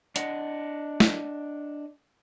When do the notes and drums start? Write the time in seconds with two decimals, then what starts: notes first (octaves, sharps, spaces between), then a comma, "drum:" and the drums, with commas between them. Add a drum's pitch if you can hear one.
0.16 D4 D#5 F#5, drum: hi-hat
1.00 drum: snare